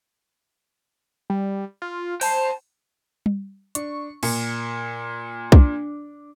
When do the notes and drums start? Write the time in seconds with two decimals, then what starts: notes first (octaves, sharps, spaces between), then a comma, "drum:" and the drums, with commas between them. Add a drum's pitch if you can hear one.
1.30 G3
1.82 F4
2.21 C5 G5 A5, drum: open hi-hat
3.26 drum: tom G3
3.75 D4 C#6, drum: hi-hat
4.23 A#2 C#7, drum: cymbal
5.52 D4, drum: kick B1